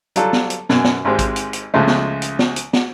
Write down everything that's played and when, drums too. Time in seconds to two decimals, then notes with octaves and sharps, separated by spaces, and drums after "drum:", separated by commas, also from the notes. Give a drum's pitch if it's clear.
0.16 F#3 G3 F4 A4, drum: hi-hat
0.33 drum: snare
0.50 drum: hi-hat
0.69 F#2 B2 G#5, drum: snare
0.84 drum: snare
1.05 G#1 G#3 C4 G4
1.19 drum: kick A1, hi-hat
1.36 drum: hi-hat
1.53 drum: hi-hat
1.74 C#2 C#3 F3 G#3 A3
1.87 drum: snare
2.22 drum: hi-hat
2.39 drum: snare
2.56 drum: hi-hat
2.73 drum: snare